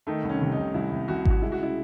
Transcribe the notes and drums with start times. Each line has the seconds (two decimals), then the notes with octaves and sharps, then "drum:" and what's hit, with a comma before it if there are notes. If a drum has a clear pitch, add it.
0.07 D#3 A3
0.23 C2
0.29 C#4
0.41 C3
0.52 D#4
0.58 C3
0.74 C2 E4
0.92 C2
1.08 C2 F#4
1.25 C2 F#4, drum: kick G#1
1.42 G#3 E4
1.52 F#4
1.59 C#3 E4